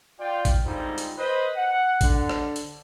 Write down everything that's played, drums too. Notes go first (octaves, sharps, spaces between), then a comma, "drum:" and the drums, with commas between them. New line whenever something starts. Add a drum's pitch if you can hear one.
F4 D5 G5
drum: kick, hi-hat
G#2 D3 G3 C4 D#4 F4
drum: hi-hat
B4 C5 D#5
F#5
D3, drum: kick, hi-hat
drum: rim click
drum: hi-hat